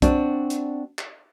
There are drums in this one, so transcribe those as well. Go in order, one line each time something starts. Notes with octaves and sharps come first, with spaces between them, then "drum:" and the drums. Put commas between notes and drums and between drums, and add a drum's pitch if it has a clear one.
C4 D4 F#4, drum: kick B1, hi-hat
drum: hi-hat
drum: clap